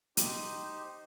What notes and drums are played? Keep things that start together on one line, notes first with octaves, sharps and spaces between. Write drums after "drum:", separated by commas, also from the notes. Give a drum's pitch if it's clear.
D#4 G4 C5, drum: hi-hat